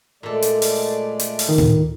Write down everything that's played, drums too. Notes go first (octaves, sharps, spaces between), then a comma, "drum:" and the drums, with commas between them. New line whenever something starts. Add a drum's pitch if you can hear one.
A#2 G#3 A3 A4 D5
drum: hi-hat
drum: open hi-hat
drum: hi-hat
drum: open hi-hat
D#3
drum: tom A2